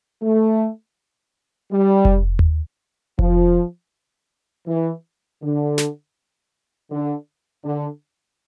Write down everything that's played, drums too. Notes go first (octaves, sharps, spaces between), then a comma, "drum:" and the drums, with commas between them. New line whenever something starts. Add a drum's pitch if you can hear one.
A3
G3
drum: kick F1
drum: tom D#2
F3, drum: kick F1
E3
D3
drum: snare
D3
D3